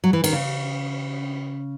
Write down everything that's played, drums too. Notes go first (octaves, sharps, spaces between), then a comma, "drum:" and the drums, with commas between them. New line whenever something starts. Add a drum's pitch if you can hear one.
F#3
E3
D#3, drum: cymbal
C#3